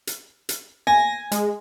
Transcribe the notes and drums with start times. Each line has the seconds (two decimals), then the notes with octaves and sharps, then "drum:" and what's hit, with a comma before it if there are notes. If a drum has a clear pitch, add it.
0.07 drum: hi-hat
0.49 drum: hi-hat
0.87 G#5 A#6
1.32 G#3, drum: hi-hat